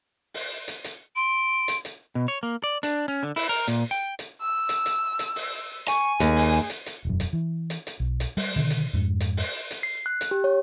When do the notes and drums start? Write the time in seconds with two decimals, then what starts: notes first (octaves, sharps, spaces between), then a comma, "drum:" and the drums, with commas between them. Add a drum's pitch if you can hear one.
0.34 drum: open hi-hat
0.68 drum: hi-hat
0.84 drum: hi-hat
1.16 C6 D7
1.68 drum: hi-hat
1.85 drum: hi-hat
2.15 B2
2.28 C#5
2.43 A#3
2.64 D5
2.83 D4, drum: hi-hat
3.08 C#4
3.23 D3
3.36 E4, drum: open hi-hat
3.49 A#4
3.68 A#2, drum: hi-hat
3.91 G5
4.19 drum: hi-hat
4.42 E6
4.69 drum: hi-hat
4.86 drum: hi-hat
5.19 drum: hi-hat
5.36 drum: open hi-hat
5.88 G#5 C#6, drum: hi-hat
6.20 D#2 G#4, drum: hi-hat
6.36 drum: open hi-hat
6.70 drum: hi-hat
6.86 drum: hi-hat
7.05 E1 F#2
7.20 drum: hi-hat
7.33 E3
7.70 drum: hi-hat
7.87 drum: hi-hat
8.00 B1
8.20 drum: hi-hat
8.37 G3, drum: open hi-hat
8.56 B2 D3 D#3
8.70 drum: hi-hat
8.93 F2 G#2
9.21 drum: hi-hat
9.37 drum: open hi-hat
9.71 drum: hi-hat
9.83 C7
10.06 F#6
10.21 drum: hi-hat
10.31 G4
10.44 C#5